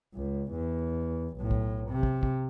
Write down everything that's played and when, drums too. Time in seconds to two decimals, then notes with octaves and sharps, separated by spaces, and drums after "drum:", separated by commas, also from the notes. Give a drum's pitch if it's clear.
0.14 C#2
0.52 E2
1.38 B1 A2
1.51 drum: kick
1.91 C3
2.03 drum: kick
2.23 drum: kick